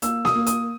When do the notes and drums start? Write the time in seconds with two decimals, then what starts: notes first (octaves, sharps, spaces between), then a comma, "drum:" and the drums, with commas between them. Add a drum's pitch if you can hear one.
0.02 A#3 E6, drum: hi-hat
0.25 D#6, drum: snare A#3
0.35 A#3
0.47 D#6, drum: hi-hat